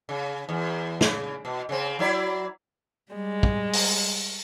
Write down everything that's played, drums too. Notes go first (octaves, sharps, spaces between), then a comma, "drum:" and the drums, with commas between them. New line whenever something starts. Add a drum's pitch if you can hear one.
C#3
E2
C#3, drum: snare
B2
C#3 C4
F#3 E4 D5
G3 G#3
drum: kick
drum: open hi-hat